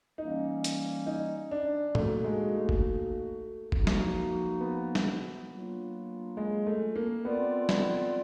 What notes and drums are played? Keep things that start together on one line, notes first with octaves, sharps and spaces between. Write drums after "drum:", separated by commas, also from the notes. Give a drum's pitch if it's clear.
E3 G3 A#3 C#4 D#4
drum: hi-hat
D#4
D4
A3 A#3 D#4 F#4, drum: tom
G#3
A3
drum: kick G1
F3 A#3 D#4 F#4, drum: kick G1
drum: snare
B3
drum: snare
F#3 A#3 D4 F4
G#3
A3
A#3
B3 C4 F4 A4 D5
B3, drum: snare